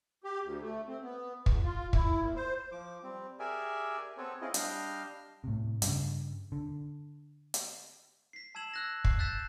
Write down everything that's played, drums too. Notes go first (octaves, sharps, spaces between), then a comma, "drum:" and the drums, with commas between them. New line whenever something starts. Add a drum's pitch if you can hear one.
G4
D2
A3
C4
B3
E2, drum: kick
F4
E4, drum: kick
A#2
C5
F3 D6
G3 C4
G4 G#4 A#4 D5 E5 G#5
B3 C4 A4 B4 C#5
C4 C#4 E4 F4 G#4 D#5
G3 D4 D#5 F5 G5 F6, drum: hi-hat
A2 C3
G2 C#3, drum: hi-hat
D3
drum: hi-hat
B6 C7
A5 E6 G#6 E7 F#7
E6 F#6 A#6
C7, drum: kick
E6 F#6 G6 A6 B6 E7